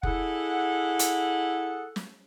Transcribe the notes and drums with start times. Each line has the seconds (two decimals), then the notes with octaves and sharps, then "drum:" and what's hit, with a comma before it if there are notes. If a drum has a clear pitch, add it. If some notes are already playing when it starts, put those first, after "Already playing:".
0.03 E4 G#4 A4 F#5, drum: kick F1
0.99 drum: hi-hat
1.96 drum: snare